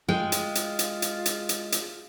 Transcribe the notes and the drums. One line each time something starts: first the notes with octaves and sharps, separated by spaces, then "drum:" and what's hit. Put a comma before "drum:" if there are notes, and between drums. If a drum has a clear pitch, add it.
G#3 F4 G5
drum: hi-hat
drum: hi-hat
drum: hi-hat
drum: hi-hat
drum: hi-hat
drum: hi-hat
drum: hi-hat